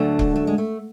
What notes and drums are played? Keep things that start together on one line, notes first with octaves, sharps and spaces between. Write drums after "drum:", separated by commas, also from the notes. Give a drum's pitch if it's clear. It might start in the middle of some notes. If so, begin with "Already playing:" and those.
Already playing: D2 D3 F#3 A3
drum: kick C#1
A3
G#3
A3